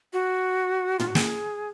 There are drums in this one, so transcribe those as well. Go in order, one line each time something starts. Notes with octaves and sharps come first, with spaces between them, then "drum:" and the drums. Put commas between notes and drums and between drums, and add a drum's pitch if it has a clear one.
F#4
F4, drum: tom
F#4
G#4, drum: snare